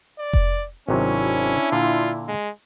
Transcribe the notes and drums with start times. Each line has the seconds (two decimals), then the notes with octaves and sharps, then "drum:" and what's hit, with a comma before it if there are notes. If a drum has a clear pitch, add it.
0.19 D5
0.33 drum: kick F1
0.89 G#1 C3 F#3 C#4 D4 E4
1.72 A#2 D3 F4
2.28 G#3